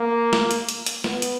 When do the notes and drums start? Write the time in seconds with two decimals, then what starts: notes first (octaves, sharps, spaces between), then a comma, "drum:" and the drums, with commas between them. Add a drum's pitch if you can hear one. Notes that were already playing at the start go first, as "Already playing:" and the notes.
Already playing: A#3
0.33 drum: snare
0.51 drum: hi-hat
0.69 drum: hi-hat
0.86 drum: hi-hat
1.04 B3, drum: snare
1.22 drum: hi-hat